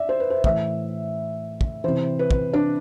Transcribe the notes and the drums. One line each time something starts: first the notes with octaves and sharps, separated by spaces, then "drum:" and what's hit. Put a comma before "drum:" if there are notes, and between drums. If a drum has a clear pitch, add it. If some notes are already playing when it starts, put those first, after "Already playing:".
Already playing: D5 E5
C5
B4
C5
A2 E3 E5, drum: kick
drum: kick
C3 E3 C5
B4
drum: kick
D4